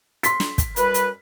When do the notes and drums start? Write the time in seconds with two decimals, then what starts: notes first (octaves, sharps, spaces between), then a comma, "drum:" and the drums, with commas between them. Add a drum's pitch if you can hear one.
0.23 C6 B6, drum: hi-hat
0.40 drum: snare
0.58 drum: kick, hi-hat
0.76 F#2 G3 B4, drum: hi-hat
0.94 drum: hi-hat